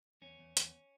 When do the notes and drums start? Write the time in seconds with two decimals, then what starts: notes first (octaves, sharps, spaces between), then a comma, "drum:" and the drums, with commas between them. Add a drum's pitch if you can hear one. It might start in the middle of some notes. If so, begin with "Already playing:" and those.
0.22 E2 C#4
0.39 E2
0.57 E2, drum: hi-hat